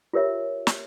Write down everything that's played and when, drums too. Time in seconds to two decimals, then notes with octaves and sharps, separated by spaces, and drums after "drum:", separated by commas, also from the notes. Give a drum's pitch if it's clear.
0.13 F4 G4 A#4 C#5 E5
0.67 drum: snare